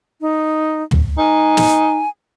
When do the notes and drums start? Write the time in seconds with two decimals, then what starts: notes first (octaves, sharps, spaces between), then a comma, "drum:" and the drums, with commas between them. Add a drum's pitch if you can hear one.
0.21 D#4
0.91 drum: tom
1.18 D#4 G#5
1.57 drum: snare